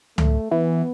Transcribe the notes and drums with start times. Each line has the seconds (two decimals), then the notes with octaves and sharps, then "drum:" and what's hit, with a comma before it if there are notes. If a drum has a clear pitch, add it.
0.18 A3, drum: tom C#2
0.51 E3 B3